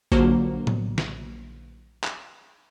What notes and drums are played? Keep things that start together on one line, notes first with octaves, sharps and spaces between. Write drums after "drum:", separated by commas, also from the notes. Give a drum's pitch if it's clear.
A#1 D3 F#3 A#3 F#4 C5, drum: kick G#1
drum: tom A2
drum: snare
drum: clap